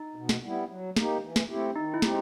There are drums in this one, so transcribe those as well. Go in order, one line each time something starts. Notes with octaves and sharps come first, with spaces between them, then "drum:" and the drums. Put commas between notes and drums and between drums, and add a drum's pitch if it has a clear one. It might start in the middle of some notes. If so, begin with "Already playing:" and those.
Already playing: D#4
B2
drum: snare
G3 B3 E4
F#3
A#3 D#4 G4, drum: snare
E3
drum: snare
A3 C4 E4 G4
D#3 D#4
E4
G#3 C4 D#4 G4, drum: snare